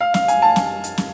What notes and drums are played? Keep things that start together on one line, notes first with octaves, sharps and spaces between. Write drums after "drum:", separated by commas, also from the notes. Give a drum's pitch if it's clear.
F5
F5, drum: snare
G#5, drum: hi-hat
A5
drum: snare
drum: hi-hat
drum: snare